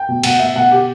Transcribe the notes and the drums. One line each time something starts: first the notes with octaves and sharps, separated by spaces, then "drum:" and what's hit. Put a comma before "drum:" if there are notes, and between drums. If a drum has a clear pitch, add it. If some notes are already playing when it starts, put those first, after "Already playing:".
Already playing: G5
B2
B2 F#5, drum: cymbal
B2 E5
B2 F#5
B2 G4